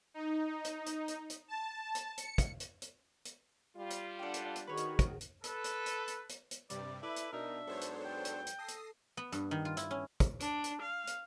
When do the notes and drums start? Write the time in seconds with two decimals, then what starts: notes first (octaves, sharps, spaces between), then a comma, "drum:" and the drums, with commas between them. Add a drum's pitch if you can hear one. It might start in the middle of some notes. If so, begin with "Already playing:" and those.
0.14 D#4
0.64 drum: hi-hat
0.86 drum: hi-hat
1.08 drum: hi-hat
1.30 drum: hi-hat
1.48 A5
1.95 drum: hi-hat
2.18 C#7, drum: hi-hat
2.38 drum: kick, hi-hat
2.60 drum: hi-hat
2.82 drum: hi-hat
3.25 drum: hi-hat
3.76 G3 F4
3.90 drum: hi-hat
4.19 D4 A4 D5 F#5 G5
4.34 drum: hi-hat
4.56 drum: hi-hat
4.67 D#3 F#4 G#4 B4 C#5
4.77 drum: hi-hat
4.99 drum: kick, hi-hat
5.21 drum: hi-hat
5.44 A4 B4, drum: hi-hat
5.64 drum: hi-hat
5.86 drum: hi-hat
6.08 drum: hi-hat
6.29 drum: hi-hat
6.51 drum: hi-hat
6.70 G2 C3 G3 D5, drum: hi-hat
7.03 E4 A4 B4 D5 E5
7.16 drum: hi-hat
7.32 B2 D4 D#4 A#4 E5
7.67 G#2 F#3 B3 A4 C5 C#5
7.81 drum: hi-hat
8.05 G5
8.25 drum: hi-hat
8.47 drum: hi-hat
8.58 A4 D#6 A#6 C7
8.68 drum: hi-hat
9.17 B3
9.32 G2, drum: hi-hat
9.51 D#3
9.65 F4
9.77 E4, drum: hi-hat
9.91 C#4
10.20 drum: kick, hi-hat
10.40 D4, drum: hi-hat
10.64 drum: hi-hat
10.82 F5
11.07 drum: hi-hat